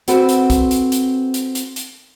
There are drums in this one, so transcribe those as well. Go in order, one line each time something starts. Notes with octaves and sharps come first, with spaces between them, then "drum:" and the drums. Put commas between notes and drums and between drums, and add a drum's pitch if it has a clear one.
C4 F#4 A4 B4, drum: hi-hat
drum: hi-hat
drum: kick, hi-hat
drum: hi-hat
drum: hi-hat
drum: hi-hat
drum: hi-hat
drum: hi-hat